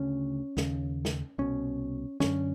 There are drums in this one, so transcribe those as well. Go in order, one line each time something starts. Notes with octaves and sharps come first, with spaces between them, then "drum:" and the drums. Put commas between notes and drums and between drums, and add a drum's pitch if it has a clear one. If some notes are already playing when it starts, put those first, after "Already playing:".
Already playing: D2 C#3 C#4
D#2 C#3, drum: snare
drum: snare
C2 B2 C#4
F#2 D3 C#4, drum: snare